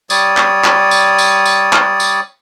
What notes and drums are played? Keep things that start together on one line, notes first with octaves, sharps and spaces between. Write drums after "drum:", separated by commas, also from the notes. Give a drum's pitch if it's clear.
G3 C#5 D5 D#6, drum: tambourine
drum: clap
drum: clap
drum: tambourine
drum: tambourine
drum: tambourine
drum: clap
drum: tambourine